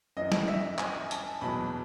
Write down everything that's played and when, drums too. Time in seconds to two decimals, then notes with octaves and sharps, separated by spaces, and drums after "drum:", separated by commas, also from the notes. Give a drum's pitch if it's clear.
0.17 F#2 E3 D#5
0.32 drum: snare
0.48 E5
0.78 G#5, drum: clap
1.11 A5, drum: hi-hat
1.41 E2 B2 F#3 B5